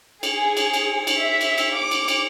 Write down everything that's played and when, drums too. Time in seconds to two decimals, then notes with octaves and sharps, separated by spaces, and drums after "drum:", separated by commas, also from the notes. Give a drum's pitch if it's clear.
0.23 G#4, drum: cymbal
0.57 drum: cymbal
0.73 drum: cymbal
1.07 drum: cymbal
1.18 E5
1.41 drum: cymbal
1.58 drum: cymbal
1.75 D6
1.91 drum: cymbal
2.08 drum: cymbal